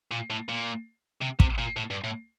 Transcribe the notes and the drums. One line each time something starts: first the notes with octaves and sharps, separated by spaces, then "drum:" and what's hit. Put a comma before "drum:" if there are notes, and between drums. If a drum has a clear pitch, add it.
A#2
A2
A#2
C3
C3, drum: kick
A#2
A2
G2
A2